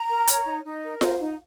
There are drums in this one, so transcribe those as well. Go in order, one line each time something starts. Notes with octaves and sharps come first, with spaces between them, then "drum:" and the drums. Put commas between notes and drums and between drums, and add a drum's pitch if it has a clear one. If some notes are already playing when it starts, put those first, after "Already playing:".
Already playing: A#5
A#4
C#5, drum: hi-hat
D#4
D#4
A#4
C5, drum: snare F4
D#4